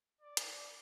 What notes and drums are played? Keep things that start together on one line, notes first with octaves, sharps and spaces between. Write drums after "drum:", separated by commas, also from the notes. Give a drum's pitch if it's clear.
D5
drum: hi-hat